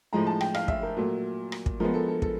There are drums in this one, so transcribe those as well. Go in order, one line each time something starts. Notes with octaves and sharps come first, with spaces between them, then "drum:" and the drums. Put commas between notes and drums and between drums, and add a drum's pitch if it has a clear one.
A2 F3 G#3 A#5
A5
G5, drum: rim click
F5, drum: rim click
E5, drum: kick
A#4
A#2 F#3 A3
drum: rim click
drum: kick
F3 G#3 B3 A#4
A4
A4
A4, drum: kick